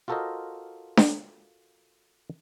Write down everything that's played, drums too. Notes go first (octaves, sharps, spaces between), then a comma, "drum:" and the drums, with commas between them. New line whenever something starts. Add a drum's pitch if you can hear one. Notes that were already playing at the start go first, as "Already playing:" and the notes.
F4 F#4 A4 A#4 C5 D#5
drum: snare D4